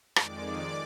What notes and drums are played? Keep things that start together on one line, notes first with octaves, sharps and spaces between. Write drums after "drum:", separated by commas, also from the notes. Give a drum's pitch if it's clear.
F2 D#3 G#3 D5 D6, drum: rim click
D5 D6